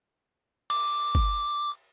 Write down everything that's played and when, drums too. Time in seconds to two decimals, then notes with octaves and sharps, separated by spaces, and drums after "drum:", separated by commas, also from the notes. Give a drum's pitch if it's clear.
0.70 D6, drum: cymbal
1.15 drum: kick G1